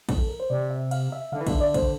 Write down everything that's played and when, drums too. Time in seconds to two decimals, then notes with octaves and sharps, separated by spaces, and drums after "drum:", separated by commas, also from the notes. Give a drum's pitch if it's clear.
0.09 drum: kick, cymbal
0.19 A4
0.29 A#4
0.40 C5
0.50 C3 D5
0.70 E5
0.91 F5, drum: cymbal
1.12 E5
1.32 D3 F5
1.40 E3
1.47 D3 E5, drum: kick, cymbal
1.61 D5
1.74 C5, drum: kick, cymbal